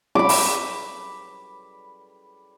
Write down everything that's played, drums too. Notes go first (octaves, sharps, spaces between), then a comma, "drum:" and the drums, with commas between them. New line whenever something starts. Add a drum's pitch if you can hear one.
B5 D6
drum: open hi-hat